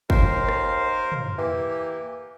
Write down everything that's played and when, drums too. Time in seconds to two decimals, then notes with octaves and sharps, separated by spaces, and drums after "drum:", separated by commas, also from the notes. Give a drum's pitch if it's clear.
0.10 D#2 A#4 C5 F5, drum: kick
0.49 drum: rim click
1.12 drum: tom
1.38 E3 A#3 G4